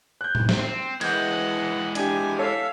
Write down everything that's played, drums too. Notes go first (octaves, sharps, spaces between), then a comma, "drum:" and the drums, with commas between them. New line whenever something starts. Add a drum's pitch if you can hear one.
F#6 G6
drum: tom A2
drum: snare
C4
E3 G#3 D#5 F#5 G6 G#6, drum: cymbal
D4 G4 G#5, drum: hi-hat
A4 C#5 E5 F5